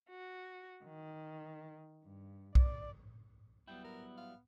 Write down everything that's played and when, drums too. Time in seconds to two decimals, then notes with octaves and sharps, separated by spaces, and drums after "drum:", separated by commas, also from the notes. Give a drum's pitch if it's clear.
0.10 F#4
0.83 D#3
2.03 G2
2.55 D5, drum: kick
3.67 F#3 G3 B3 E4 G5
3.84 A#4
4.17 F5